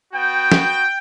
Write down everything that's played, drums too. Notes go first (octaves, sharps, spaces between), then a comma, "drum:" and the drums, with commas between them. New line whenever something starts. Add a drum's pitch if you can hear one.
B3 F#4 G5
drum: snare